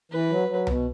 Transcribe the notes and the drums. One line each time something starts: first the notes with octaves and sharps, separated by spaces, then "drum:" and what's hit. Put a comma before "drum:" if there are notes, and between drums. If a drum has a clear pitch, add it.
E3 B4
F#3
F#3
B2, drum: tom C2